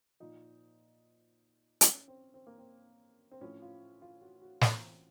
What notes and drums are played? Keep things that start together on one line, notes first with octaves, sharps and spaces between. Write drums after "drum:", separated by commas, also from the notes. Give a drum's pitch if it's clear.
A#2 F3 D#4
C#4, drum: hi-hat
C4
C4
A#3
C4
C4
A2 F3 C#4
F4
F4
F#4
F#4
C4, drum: snare
C4